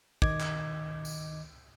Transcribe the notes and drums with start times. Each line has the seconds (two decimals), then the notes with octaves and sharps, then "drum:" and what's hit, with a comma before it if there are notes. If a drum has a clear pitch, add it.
0.22 D#3 D#5 D6 G#6, drum: kick
0.40 drum: clap
1.05 drum: tambourine